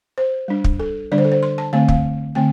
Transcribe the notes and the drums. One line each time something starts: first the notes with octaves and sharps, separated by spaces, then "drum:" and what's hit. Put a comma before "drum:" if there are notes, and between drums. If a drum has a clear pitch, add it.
C5
G3 D4
drum: kick
A4
D3 G3 D4 D5
C5
A4
C5
C6
A5
D3 A3 C4 F5
F5, drum: kick
D3 A3 C4 G5